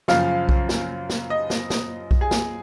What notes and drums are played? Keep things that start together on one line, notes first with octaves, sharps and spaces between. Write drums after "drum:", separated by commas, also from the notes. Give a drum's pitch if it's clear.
F#2 C#3 F3 F5, drum: snare
drum: kick B1
drum: snare
drum: snare
D#5
drum: snare
drum: snare
drum: kick B1
G#4
drum: snare